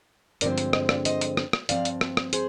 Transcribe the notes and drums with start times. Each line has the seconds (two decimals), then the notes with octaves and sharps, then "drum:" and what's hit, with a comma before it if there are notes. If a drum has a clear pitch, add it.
0.41 G2 D3 F3 G#3 C4 A#4 D5, drum: hi-hat
0.58 drum: hi-hat
0.73 C5 D#5, drum: rim click
0.89 D5 F5, drum: rim click
1.05 C5 D#5, drum: hi-hat
1.21 drum: hi-hat
1.37 drum: rim click
1.53 drum: rim click
1.69 G2 F3 C4 D5 F5, drum: hi-hat
1.85 drum: hi-hat
2.01 drum: rim click
2.17 drum: rim click
2.33 G#4 C5, drum: hi-hat